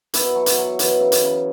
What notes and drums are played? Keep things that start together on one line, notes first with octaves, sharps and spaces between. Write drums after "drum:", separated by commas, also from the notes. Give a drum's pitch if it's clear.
B2 E4, drum: hi-hat
F#3
drum: hi-hat
F#3
E3, drum: hi-hat
C#3
drum: hi-hat
C#3